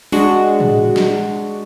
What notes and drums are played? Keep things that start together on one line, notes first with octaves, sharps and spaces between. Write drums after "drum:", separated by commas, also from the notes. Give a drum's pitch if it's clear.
G#3 D4 F#4, drum: open hi-hat
drum: tom A2
drum: snare